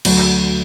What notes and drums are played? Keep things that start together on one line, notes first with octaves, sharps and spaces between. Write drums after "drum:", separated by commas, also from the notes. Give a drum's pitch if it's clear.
D2 F#3, drum: cymbal